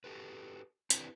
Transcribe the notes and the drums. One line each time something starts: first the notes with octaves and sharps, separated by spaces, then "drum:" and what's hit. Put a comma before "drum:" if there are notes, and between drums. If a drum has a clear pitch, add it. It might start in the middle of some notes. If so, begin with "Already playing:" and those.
F#4 G4 A4 B4
C4 D4 E4 G4 B4, drum: hi-hat